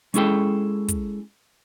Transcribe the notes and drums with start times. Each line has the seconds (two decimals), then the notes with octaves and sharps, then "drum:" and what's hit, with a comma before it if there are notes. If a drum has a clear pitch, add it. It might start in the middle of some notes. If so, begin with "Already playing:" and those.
0.14 G#3 C#4 E4 G#4 A4 G5, drum: hi-hat
0.88 drum: kick, hi-hat